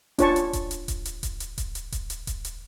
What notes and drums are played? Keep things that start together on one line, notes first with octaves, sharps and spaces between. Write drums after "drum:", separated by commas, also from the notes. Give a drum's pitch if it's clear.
D4 F4 C#5 G#5 A5 C#6, drum: kick D#1, hi-hat
drum: hi-hat
drum: kick D#1, hi-hat
drum: hi-hat
drum: kick D#1, hi-hat
drum: hi-hat
drum: kick D#1, hi-hat
drum: hi-hat
drum: kick D#1, hi-hat
drum: hi-hat
drum: kick D#1, hi-hat
drum: hi-hat
drum: kick D#1, hi-hat
drum: hi-hat